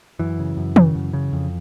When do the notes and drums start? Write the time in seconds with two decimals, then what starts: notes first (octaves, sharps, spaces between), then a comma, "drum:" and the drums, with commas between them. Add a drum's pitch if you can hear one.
0.19 F#2 E3
0.39 C#3
0.57 F#2
0.76 C#3, drum: tom D#3
0.95 F#2
1.13 C#3
1.33 F2